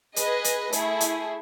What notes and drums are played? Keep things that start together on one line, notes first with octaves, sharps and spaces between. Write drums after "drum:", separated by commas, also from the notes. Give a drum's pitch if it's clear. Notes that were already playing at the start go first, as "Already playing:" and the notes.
G#4 B4 D#5, drum: hi-hat
drum: hi-hat
A3 E4 G#4, drum: hi-hat
drum: hi-hat